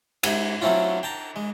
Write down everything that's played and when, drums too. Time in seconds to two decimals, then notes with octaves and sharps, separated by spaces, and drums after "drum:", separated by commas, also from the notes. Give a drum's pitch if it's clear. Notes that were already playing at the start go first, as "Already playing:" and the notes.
0.23 G#2 G4 E5, drum: cymbal
0.61 F#3 A3 C4 C#4 E4 F4
1.03 G5 A5 A#5
1.36 G#3